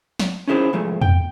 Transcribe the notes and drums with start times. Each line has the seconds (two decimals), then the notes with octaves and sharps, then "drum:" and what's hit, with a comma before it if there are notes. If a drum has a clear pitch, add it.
0.19 drum: snare
0.48 C#4 D#4 E4 G#4 C5
0.73 G#2 F3 A3
1.01 G5, drum: tom E2